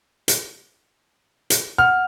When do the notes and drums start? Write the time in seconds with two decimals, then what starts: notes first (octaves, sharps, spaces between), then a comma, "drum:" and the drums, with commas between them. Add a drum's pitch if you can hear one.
0.28 drum: hi-hat
1.50 drum: hi-hat
1.78 F#5 F6